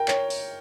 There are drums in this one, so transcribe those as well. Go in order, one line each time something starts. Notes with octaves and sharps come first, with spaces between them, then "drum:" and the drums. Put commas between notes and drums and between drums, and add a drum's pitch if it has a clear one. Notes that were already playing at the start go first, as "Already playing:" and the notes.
Already playing: A#4 G5
C#5, drum: clap
drum: open hi-hat